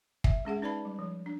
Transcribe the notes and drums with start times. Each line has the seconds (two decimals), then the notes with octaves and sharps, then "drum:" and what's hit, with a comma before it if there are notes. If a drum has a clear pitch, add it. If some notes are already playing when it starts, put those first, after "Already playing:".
0.24 E5, drum: kick
0.45 G#3 C#4 G#4 F#5
0.62 D#4 B4 D5 A5 B5
0.85 G3
0.99 F3
1.26 D4